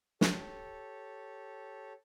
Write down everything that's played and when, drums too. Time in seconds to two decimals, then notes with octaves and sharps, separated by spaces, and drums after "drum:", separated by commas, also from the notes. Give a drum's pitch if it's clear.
0.21 G4 A4 C#5, drum: snare